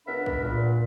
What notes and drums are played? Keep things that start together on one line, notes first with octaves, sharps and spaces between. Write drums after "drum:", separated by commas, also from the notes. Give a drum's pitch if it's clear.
C#2 B3 D4 A#4 E5 B5
drum: kick B1
A#2